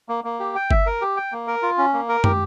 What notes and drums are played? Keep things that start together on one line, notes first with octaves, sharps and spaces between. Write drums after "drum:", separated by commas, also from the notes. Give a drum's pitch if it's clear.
A#3
A#3
G4
G5
E5, drum: kick G1
A#4
G4
G5
A#3
A#4
F4
C#4
A#3
A#4
G4, drum: tom